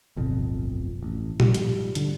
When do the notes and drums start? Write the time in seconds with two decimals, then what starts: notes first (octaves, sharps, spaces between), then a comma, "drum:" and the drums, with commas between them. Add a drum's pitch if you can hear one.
0.16 D1 G1 F2 B2
1.03 A1
1.40 G#2 F3 G3, drum: tom A#2
1.55 drum: hi-hat
1.95 D3, drum: hi-hat